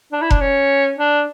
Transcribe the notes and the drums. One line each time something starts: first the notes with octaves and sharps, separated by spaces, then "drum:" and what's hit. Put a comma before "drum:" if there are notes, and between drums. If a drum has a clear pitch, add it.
D4
E4
D4, drum: kick F1
C#4
D4